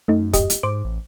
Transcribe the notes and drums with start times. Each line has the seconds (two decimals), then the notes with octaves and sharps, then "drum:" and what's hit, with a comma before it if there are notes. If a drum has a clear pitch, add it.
0.08 F#2 A3 D#4
0.33 G4 D#5, drum: kick, hi-hat
0.50 drum: hi-hat
0.63 G#2 C5 D6
0.85 A1